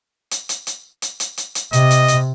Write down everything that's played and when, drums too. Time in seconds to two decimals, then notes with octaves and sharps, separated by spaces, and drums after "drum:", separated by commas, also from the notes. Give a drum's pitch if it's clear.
0.31 drum: hi-hat
0.49 drum: hi-hat
0.67 drum: hi-hat
1.02 drum: hi-hat
1.20 drum: hi-hat
1.38 drum: hi-hat
1.55 drum: hi-hat
1.73 C3 D#5, drum: hi-hat
1.91 drum: hi-hat
2.08 drum: hi-hat